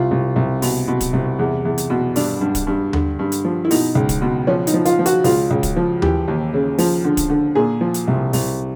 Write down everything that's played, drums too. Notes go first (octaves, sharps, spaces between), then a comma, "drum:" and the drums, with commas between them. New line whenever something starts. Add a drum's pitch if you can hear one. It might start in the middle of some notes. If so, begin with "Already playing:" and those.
Already playing: C2 F4
C2
C2
B2, drum: open hi-hat
B2
drum: kick, hi-hat
C2
E2
E2
drum: hi-hat
B2
G2 D4, drum: open hi-hat
G2
drum: kick, hi-hat
G2
D3, drum: tom D#2
G2
drum: hi-hat
F3
E4
B2 D#4, drum: open hi-hat
C#2
drum: kick, hi-hat
B2
F3 C#4
D#4, drum: hi-hat
F3
F4, drum: hi-hat
F3
F#4, drum: hi-hat
C#2 F4, drum: open hi-hat
C#2
drum: kick, hi-hat
F3
E3 G4, drum: tom D#2
D#2
C#3
F3, drum: open hi-hat
D3
drum: kick, hi-hat
D3
A#2 G#4
F3
drum: hi-hat
C2
C2, drum: open hi-hat